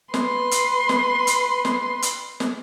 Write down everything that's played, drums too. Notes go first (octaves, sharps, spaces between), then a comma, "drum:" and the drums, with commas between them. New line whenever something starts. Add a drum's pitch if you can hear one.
B4 C6, drum: snare
drum: hi-hat
drum: snare
drum: hi-hat
drum: snare
drum: hi-hat
drum: snare